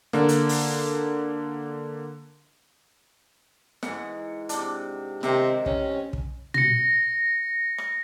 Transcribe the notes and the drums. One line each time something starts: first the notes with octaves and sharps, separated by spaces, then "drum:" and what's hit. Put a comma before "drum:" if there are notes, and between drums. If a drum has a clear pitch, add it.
D3 A#3, drum: snare
drum: hi-hat
drum: open hi-hat
G#2 E3 F#5, drum: snare
C3 D4, drum: hi-hat
C3 D#3 C4, drum: snare
C#4, drum: kick
drum: kick
A#6 C#7, drum: tom
drum: rim click